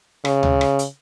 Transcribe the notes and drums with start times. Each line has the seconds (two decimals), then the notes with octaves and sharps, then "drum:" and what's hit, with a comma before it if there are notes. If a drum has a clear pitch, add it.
0.25 C#3, drum: rim click
0.43 drum: tom D2
0.61 drum: rim click
0.79 drum: hi-hat